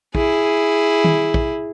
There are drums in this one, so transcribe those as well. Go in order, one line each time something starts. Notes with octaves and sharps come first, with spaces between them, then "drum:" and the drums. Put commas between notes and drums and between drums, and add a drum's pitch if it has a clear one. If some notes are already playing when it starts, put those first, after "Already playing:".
E4 G#4, drum: kick
drum: tom D#3
drum: kick